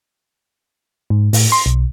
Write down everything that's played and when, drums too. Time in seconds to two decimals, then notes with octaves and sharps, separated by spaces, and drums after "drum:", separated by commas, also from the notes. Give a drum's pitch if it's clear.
1.10 G#2
1.33 A2, drum: open hi-hat
1.52 C6
1.66 B1